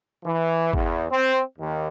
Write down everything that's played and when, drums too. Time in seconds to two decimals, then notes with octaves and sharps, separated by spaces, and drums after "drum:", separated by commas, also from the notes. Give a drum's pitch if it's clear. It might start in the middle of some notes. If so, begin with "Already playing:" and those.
0.23 E3
0.73 E2, drum: kick
1.10 C4
1.58 D#2